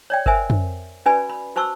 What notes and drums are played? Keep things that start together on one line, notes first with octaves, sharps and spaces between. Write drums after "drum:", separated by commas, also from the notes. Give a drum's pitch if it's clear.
C#5 D5 G5
A#4 C5 E5 G#5, drum: kick G1
drum: tom
C#4 F#4 B4 D5 G#5 B5
B5
F#4 C5 A5 C#6 E6